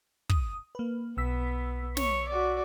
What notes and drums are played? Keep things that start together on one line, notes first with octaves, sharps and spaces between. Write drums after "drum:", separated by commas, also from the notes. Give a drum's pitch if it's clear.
D#6, drum: kick
A#3 B4
B1 B3 E6 B6
C#5, drum: snare
F#4 D5